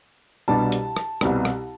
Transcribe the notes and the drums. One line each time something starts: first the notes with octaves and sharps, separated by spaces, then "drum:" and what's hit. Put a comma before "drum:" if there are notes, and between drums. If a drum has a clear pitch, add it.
C2 B2 G3 D4 A5
drum: hi-hat
drum: rim click
C2 B2 G3 C4, drum: rim click
drum: rim click